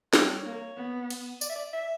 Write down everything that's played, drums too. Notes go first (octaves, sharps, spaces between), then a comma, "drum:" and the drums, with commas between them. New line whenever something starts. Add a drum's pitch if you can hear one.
G3 C#5, drum: snare
A#3
B3
drum: cymbal
D5, drum: tambourine
E5
D5
E5